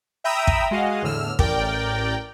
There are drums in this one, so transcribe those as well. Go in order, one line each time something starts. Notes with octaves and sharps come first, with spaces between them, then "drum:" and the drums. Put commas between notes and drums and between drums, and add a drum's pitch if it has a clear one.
E5 G5 A#5 B5 D#6 E6
drum: kick
G#3 F#4 D#5 F5
E2 A2 D3 E6 F6
A1 A#4 D5 G5, drum: kick